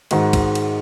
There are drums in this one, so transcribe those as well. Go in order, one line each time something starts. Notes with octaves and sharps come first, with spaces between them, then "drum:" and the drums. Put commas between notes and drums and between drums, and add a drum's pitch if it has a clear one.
G#2 D#3 G#3 F#4, drum: cymbal
drum: kick, cymbal
drum: cymbal